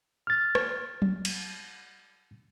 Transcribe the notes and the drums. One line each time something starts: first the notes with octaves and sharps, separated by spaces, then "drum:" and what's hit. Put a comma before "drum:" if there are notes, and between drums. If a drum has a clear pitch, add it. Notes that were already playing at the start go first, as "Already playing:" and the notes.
F6 A6
drum: rim click
drum: tom F#3
drum: cymbal